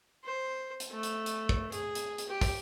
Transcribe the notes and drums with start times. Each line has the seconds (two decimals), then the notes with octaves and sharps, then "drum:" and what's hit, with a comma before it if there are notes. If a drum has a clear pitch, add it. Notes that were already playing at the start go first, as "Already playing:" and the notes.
0.25 C5
0.80 drum: hi-hat
0.92 A3
1.03 drum: hi-hat
1.26 drum: hi-hat
1.49 drum: kick
1.72 G#4, drum: hi-hat
1.95 drum: hi-hat
2.18 drum: hi-hat
2.29 G4
2.41 drum: kick, open hi-hat